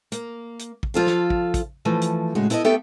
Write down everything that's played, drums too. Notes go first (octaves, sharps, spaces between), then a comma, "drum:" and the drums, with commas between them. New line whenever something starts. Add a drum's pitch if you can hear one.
A#3, drum: hi-hat
drum: hi-hat
drum: kick
F3 F4 A4 F5
drum: snare
drum: kick
drum: kick, hi-hat
E3 F3 A3
drum: hi-hat
A2 C#3 G#3 F#4
B3 E4 A4 A#4 D#5, drum: hi-hat
A3 B3 G4 A4 E5 G5